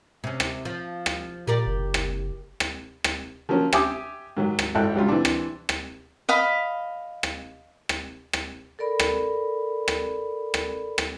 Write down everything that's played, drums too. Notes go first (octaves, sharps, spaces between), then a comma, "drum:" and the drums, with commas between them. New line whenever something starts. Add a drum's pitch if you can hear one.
C3 C#4
drum: rim click
F3
drum: rim click
A#2 G4 A#4 D5
F#1
drum: rim click
drum: rim click
drum: rim click
F3 F#3 A#3 C#4 A#4
G4 E5 G5 G#5 D6 D#6, drum: rim click
G#2 D#3 F#3
drum: rim click
G#1 E4 A4 G5 F#6
C#2 F#3 G3 F4
E3 C4 D4
drum: rim click
drum: rim click
D#5 F5 B5
drum: rim click
drum: rim click
drum: rim click
A4 A#4 D5 B5
drum: rim click
drum: rim click
drum: rim click
drum: rim click